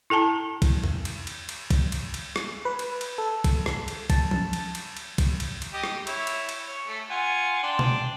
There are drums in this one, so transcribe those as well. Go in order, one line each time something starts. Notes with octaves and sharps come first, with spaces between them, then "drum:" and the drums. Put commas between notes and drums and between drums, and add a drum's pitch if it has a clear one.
E4 A4 G5 A5 A#5
drum: kick, cymbal
drum: tom E2
drum: cymbal
drum: cymbal
drum: cymbal
drum: kick, cymbal
drum: cymbal
drum: cymbal
drum: rim click
B4
drum: cymbal
drum: cymbal
A4
drum: kick, cymbal
drum: rim click
drum: cymbal
A5, drum: kick, cymbal
drum: tom F3
drum: cymbal
drum: cymbal
drum: cymbal
drum: kick, cymbal
drum: cymbal
drum: cymbal
G4 D#5
drum: rim click
E4 C#5, drum: cymbal
drum: cymbal
drum: cymbal
C#5
A3
F4 F#5 G#5
D4 G5 C6
drum: tom B2